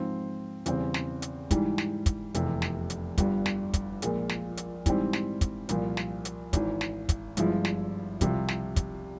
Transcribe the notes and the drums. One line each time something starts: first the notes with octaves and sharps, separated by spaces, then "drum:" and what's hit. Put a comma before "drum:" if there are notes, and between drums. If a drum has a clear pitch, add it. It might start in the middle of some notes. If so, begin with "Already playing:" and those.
Already playing: G#2 F3 C4
E2 C#3 G3 C4, drum: hi-hat
drum: snare
drum: hi-hat
G#2 E3 G3, drum: kick, hi-hat
drum: snare
drum: kick, hi-hat
F1 E2 C3, drum: hi-hat
drum: snare
drum: hi-hat
G1 G2 G3, drum: kick, hi-hat
drum: snare
drum: kick, hi-hat
A#1 A#2 G#3, drum: hi-hat
drum: snare
drum: hi-hat
G#2 E3 G3 C4, drum: kick, hi-hat
drum: snare
drum: kick, hi-hat
C2 A#2 F3, drum: hi-hat
drum: snare
drum: hi-hat
G#1 G#2 E3, drum: kick, hi-hat
drum: snare
drum: kick, hi-hat
G1 G2 F3 G#3 E4, drum: hi-hat
drum: snare
C2 C3 F3, drum: kick, hi-hat
drum: snare
drum: kick, hi-hat